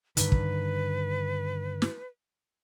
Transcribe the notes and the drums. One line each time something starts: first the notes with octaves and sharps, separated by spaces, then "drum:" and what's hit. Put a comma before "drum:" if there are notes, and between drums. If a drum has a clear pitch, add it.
G2 D3 D#3 B4, drum: hi-hat
drum: kick
drum: snare